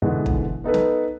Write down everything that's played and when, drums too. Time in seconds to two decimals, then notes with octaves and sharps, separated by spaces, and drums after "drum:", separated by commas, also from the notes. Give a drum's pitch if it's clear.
0.02 G#2 B2 D3 E3 G#3
0.26 drum: kick
0.64 B3 D#4 A4 B4
0.74 drum: snare